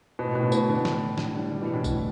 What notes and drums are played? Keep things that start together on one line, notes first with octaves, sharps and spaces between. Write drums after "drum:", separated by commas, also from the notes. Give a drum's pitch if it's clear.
B2
A2
B2
A2 D3
B2, drum: tambourine
A2 D3
drum: snare
A2 D3, drum: snare
D3 G3
D3 G3
B2 E3
A2 D3
A2, drum: kick, tambourine